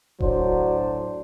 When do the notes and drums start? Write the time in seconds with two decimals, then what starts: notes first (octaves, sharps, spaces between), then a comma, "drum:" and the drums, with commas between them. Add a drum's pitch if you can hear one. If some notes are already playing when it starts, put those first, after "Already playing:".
0.20 A2 F#3 D4 C5, drum: kick D#1